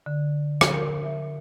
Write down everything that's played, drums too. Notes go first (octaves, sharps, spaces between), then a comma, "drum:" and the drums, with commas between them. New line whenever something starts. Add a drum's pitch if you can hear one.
D3
drum: rim click
A#4
E5